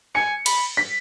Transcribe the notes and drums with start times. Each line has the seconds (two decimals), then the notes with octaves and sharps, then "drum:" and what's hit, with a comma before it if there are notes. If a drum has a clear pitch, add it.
0.15 G#5 C#7
0.46 B5, drum: cymbal
0.77 B6